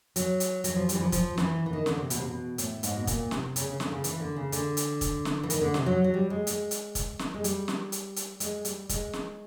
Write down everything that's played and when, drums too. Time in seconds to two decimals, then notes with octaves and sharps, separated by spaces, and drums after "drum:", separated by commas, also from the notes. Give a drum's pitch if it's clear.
0.16 F#3, drum: hi-hat
0.40 drum: hi-hat
0.64 F#3, drum: hi-hat
0.76 F3
0.89 G3, drum: hi-hat
0.95 E3
1.01 F3
1.12 F3, drum: kick, hi-hat
1.38 E3, drum: snare
1.66 E3
1.73 D#3
1.86 D3, drum: snare
1.97 C3
2.10 B2, drum: hi-hat
2.19 C3
2.28 B2
2.58 A2, drum: hi-hat
2.83 G#2, drum: hi-hat
2.96 B2
3.07 A#2, drum: kick, hi-hat
3.31 C3, drum: snare
3.56 C#3, drum: hi-hat
3.67 C#3
3.80 D3, drum: snare
3.92 C#3
4.04 E3, drum: hi-hat
4.20 D3
4.36 C#3
4.52 D3, drum: hi-hat
4.77 drum: hi-hat
5.01 drum: kick, hi-hat
5.25 drum: snare
5.43 E3
5.50 D#3, drum: hi-hat
5.61 D3
5.74 C3, drum: snare
5.86 F#3
6.04 F#3
6.14 G3
6.30 G#3
6.47 G#3, drum: hi-hat
6.71 drum: hi-hat
6.95 drum: kick, hi-hat
7.19 drum: snare
7.34 G#3
7.44 G3, drum: hi-hat
7.68 drum: snare
7.92 drum: hi-hat
8.16 drum: hi-hat
8.40 G#3, drum: hi-hat
8.65 G3, drum: hi-hat
8.89 G#3, drum: kick, hi-hat
9.13 drum: snare